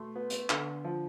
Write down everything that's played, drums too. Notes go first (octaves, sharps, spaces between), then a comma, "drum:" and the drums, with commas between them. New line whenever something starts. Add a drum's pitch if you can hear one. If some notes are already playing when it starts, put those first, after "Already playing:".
Already playing: B2 A3 C6
B3
drum: hi-hat
D3, drum: clap
F3